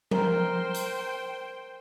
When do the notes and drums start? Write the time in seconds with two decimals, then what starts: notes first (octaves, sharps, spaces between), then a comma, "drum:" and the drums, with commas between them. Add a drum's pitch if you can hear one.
0.11 A#4 C5 G5, drum: tom F3
0.74 drum: hi-hat